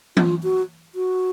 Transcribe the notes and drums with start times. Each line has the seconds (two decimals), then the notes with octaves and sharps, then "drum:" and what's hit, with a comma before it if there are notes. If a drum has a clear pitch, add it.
0.17 F4, drum: tom E3
0.43 F#4
0.95 F#4